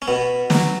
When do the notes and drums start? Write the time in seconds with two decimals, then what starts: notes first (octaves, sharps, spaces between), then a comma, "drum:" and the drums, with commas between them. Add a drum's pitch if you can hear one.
0.02 C#4
0.08 B2 B3
0.50 F#3, drum: snare